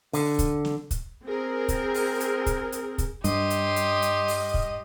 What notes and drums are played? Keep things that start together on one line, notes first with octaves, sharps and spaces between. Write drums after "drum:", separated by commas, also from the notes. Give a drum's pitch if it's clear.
D3, drum: open hi-hat
drum: kick, hi-hat
drum: snare
drum: kick, hi-hat
C4 G#4 A#4
drum: kick, hi-hat
drum: open hi-hat
drum: hi-hat
drum: kick, hi-hat
drum: hi-hat
drum: kick, hi-hat
G2 G4 D#5 C6, drum: hi-hat
drum: hi-hat
drum: hi-hat
drum: hi-hat
drum: open hi-hat
drum: kick